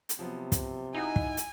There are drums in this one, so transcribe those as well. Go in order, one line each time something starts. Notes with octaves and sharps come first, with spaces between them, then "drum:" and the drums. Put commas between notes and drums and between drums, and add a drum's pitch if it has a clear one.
drum: hi-hat
C3 F3 F#3 B3
drum: kick, hi-hat
D#4 E4 F#4 G#5 F#6
drum: kick
drum: hi-hat